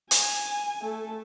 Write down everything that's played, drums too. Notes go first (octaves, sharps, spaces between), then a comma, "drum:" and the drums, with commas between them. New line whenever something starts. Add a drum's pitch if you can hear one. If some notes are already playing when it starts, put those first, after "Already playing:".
G#5, drum: hi-hat
A3 A4